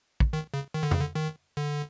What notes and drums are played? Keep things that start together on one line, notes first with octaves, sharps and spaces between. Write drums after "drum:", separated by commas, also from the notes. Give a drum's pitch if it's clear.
drum: kick
D#3
C#3
D#3
D3
C#3, drum: tom F2
D3
D#3
D3